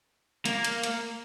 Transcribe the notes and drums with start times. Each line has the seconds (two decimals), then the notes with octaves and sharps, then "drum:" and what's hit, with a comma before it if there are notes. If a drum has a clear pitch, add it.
0.45 A#3, drum: hi-hat
0.64 drum: hi-hat
0.83 drum: hi-hat